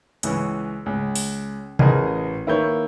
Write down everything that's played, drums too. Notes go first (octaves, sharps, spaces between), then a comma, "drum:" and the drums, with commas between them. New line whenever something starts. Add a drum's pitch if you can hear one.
C#2 E3 C#4, drum: hi-hat
C#2
drum: open hi-hat
A1 G#4 A#4 D#5, drum: tom C3
D#3 A#3 E4 B4 C#5 G6